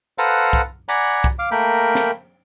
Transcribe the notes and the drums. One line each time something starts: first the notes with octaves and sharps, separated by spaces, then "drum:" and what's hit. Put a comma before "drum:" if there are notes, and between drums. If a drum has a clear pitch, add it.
A4 B4 C5 F5 F#5 A#5, drum: hi-hat
drum: kick C2
D5 F#5 G#5 A#5 B5, drum: hi-hat
drum: kick C2
F5 D6
A3 A#3 A#4 G5 B5
drum: snare